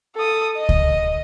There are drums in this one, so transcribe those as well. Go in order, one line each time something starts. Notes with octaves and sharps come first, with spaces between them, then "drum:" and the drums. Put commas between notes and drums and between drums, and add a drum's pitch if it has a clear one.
A4 D#6
D#5
drum: kick C#2